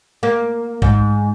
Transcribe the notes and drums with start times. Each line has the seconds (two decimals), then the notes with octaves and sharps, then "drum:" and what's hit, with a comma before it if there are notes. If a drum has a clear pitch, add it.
0.23 A#3
0.82 G#2, drum: kick